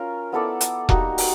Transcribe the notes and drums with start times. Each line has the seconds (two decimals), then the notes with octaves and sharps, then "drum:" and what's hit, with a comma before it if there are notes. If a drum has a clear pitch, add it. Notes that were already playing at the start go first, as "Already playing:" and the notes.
Already playing: C#4 F4 A#4
0.32 B3 E4 A4 D5
0.61 drum: hi-hat
0.89 G3 A#3 D#4 F#4, drum: kick E1
1.18 drum: open hi-hat